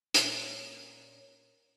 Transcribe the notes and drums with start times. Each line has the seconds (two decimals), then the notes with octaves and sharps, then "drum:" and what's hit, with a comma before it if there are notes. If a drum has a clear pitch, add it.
0.14 A#2 C#4 A#4, drum: hi-hat